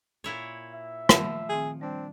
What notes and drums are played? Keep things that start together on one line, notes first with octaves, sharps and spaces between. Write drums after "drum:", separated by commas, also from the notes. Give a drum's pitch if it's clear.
A#2 E4 C#5
E5
F3 A3 F#5, drum: rim click
D#3 C4 G#4
G3 C4 D4